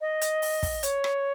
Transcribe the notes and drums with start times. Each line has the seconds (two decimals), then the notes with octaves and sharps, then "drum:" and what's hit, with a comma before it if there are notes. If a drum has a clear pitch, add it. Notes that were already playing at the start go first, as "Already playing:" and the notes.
0.01 D#5
0.21 drum: hi-hat
0.42 drum: open hi-hat
0.63 drum: kick, open hi-hat
0.83 C#5, drum: hi-hat
1.04 drum: rim click